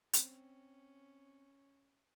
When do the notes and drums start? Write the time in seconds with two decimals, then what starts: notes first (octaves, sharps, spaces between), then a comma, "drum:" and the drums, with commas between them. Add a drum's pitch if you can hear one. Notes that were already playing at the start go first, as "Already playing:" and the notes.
0.13 C4 C#4, drum: hi-hat